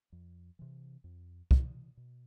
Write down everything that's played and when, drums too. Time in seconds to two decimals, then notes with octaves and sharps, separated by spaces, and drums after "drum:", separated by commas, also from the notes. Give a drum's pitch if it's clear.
0.12 F2
0.59 C3 E3
1.04 F2
1.51 C3 E3, drum: kick
1.97 B2